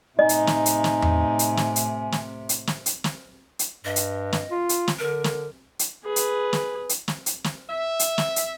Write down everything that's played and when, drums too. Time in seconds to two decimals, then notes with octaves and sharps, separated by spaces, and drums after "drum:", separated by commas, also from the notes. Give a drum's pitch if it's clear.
0.19 A2 C3 D#4 D#5 G#5
0.29 drum: hi-hat
0.47 drum: snare
0.66 drum: hi-hat
0.84 drum: snare
1.02 drum: tom E2
1.39 drum: hi-hat
1.57 drum: snare
1.76 drum: hi-hat
2.12 drum: snare
2.49 drum: hi-hat
2.67 drum: snare
2.86 drum: hi-hat
3.04 drum: snare
3.59 drum: hi-hat
3.85 G2 D#5
3.96 drum: hi-hat
4.33 drum: snare
4.51 F4
4.69 drum: hi-hat
4.88 drum: snare
4.99 D3 A#4
5.24 drum: snare
5.79 drum: hi-hat
6.04 G#4 B4
6.16 drum: hi-hat
6.53 drum: snare
6.89 drum: hi-hat
7.08 drum: snare
7.26 drum: hi-hat
7.44 drum: snare
7.69 E5
7.99 drum: hi-hat
8.18 drum: snare
8.36 drum: hi-hat